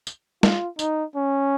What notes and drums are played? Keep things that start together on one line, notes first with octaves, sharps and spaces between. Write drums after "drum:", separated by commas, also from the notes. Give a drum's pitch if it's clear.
drum: tambourine
F4, drum: snare
D#4, drum: tambourine
C#4